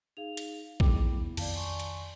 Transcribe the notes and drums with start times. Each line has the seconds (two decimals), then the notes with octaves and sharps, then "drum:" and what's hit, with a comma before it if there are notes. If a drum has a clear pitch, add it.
0.17 D#4 G#4 F5 F7
0.37 drum: hi-hat
0.80 B3 E4 G#4 G5 D6, drum: kick A#1
1.37 F2 D#3 D5 F5 A5, drum: cymbal
1.54 G#5 C6 C#6
1.80 drum: hi-hat